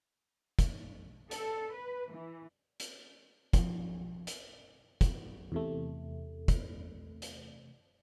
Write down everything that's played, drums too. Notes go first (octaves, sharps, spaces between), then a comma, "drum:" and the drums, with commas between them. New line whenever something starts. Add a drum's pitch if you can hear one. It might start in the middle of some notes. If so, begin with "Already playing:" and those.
drum: kick, hi-hat
A4, drum: hi-hat
B4
E3
drum: hi-hat
F3, drum: kick, hi-hat
drum: hi-hat
drum: kick, hi-hat
E2 C3 A3
drum: kick, hi-hat
drum: hi-hat